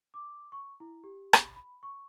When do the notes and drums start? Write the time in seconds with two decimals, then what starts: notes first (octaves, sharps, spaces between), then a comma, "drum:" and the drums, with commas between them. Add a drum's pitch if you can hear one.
0.14 D6
0.52 C#6
0.80 E4
1.04 G4
1.33 drum: rim click
1.56 B5
1.83 C#6